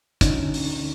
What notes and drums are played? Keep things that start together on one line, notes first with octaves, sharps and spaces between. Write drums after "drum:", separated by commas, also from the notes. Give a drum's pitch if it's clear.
D3 C#4 D#4, drum: kick, hi-hat
D2, drum: open hi-hat